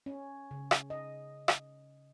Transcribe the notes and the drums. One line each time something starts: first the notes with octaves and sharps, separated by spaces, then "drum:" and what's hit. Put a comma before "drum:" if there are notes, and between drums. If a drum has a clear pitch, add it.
C#4
C#3
drum: rim click
D#5
drum: rim click